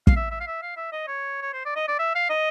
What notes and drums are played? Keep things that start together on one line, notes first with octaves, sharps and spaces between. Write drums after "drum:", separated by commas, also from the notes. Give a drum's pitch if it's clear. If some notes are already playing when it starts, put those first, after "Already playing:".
F5, drum: kick
E5
E5
F5
E5
F5
E5
D#5
C#5
C#5
C5
D5
D#5
D5
E5
F5
D#5